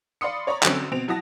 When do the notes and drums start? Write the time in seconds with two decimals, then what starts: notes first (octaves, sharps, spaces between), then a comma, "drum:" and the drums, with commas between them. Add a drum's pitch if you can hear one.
0.21 D5 F5 B5 C6 D#6 C#7
0.47 C#5 D5 A#5 B5 C#6
0.63 D3 F#3 C4 C#4, drum: clap
0.91 B2 C4 D7 F7
1.08 F#3 E4 F#5 A5 D#6 A#6